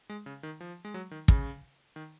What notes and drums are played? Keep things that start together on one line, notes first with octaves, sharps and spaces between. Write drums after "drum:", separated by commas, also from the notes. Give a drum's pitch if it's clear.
G#3
C#3
D#3
F3
G#3
F#3
D#3
C#3, drum: kick
D#3